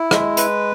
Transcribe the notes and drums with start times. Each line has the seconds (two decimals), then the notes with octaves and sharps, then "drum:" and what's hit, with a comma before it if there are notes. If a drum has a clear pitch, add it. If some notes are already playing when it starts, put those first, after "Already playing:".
Already playing: E4
0.11 G#3, drum: rim click
0.37 B4, drum: hi-hat